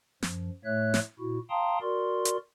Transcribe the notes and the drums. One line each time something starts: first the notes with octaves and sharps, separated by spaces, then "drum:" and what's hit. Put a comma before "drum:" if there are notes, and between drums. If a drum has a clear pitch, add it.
F#2 F3, drum: snare
A2 A3 C#5 E5 F#6
drum: snare
A#2 E4 F#4
F5 G5 A5 A#5 C6 D#6
F#4 A#4 D5 C6
drum: hi-hat